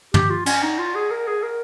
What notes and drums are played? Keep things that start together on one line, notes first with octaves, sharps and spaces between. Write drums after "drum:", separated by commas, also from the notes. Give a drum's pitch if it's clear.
G4, drum: tom
F4
C#4, drum: cymbal
D#4
F4
G#4
A#4
G#4
A#4